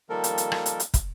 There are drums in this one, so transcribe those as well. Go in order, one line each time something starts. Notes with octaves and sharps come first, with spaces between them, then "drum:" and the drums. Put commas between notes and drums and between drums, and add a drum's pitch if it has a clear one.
D#3 F3 G3 A#3 A4 A#4
drum: hi-hat
drum: hi-hat
drum: rim click
drum: hi-hat
drum: hi-hat
drum: kick, hi-hat